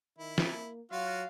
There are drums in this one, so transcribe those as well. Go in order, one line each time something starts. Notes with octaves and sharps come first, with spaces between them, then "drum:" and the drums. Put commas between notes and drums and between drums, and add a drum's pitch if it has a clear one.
D#3 E4
drum: snare
A#3
F#3 F4 F#4 F5